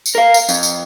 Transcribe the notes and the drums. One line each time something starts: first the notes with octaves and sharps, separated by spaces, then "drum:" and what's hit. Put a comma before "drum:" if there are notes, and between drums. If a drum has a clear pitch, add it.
drum: tambourine
A#4 F5
drum: tambourine
F2, drum: tambourine
drum: tambourine